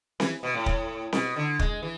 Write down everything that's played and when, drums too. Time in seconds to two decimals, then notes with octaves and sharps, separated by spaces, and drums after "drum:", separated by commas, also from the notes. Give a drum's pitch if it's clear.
0.20 E3, drum: snare C4
0.43 B2
0.54 A2
0.66 drum: kick
1.13 B2, drum: snare C4
1.36 D3
1.59 G#3, drum: kick
1.82 E3